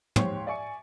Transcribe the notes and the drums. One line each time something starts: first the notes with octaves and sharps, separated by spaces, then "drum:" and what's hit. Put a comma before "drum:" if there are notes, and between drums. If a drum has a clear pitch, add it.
D#2 G#2 G4 C5 C#5 C6, drum: tom
D5 E5 G#5 C#6 C#7